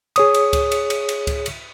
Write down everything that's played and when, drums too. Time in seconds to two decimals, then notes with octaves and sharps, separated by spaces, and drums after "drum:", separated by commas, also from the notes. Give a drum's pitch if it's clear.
0.16 G#4 C#5 D#6, drum: cymbal
0.34 drum: cymbal
0.53 drum: kick C#2, cymbal
0.72 drum: cymbal
0.90 drum: cymbal
1.09 drum: cymbal
1.27 drum: kick C#2, cymbal
1.46 drum: cymbal